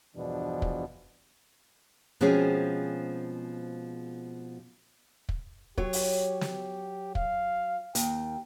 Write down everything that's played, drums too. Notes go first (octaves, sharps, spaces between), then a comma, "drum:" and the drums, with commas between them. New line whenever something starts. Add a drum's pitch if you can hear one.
E2 G2 B2 E3 F3 D4
drum: kick
B2 F3 G#3 C4 C#4 G#4
drum: kick
F#3 G4 C#5, drum: kick
drum: open hi-hat
G4, drum: snare
F5, drum: kick
D#2 G5, drum: hi-hat